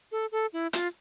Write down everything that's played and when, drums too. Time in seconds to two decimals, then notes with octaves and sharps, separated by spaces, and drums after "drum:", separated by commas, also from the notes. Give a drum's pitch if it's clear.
0.12 A4
0.32 A4
0.53 E4
0.73 F4, drum: hi-hat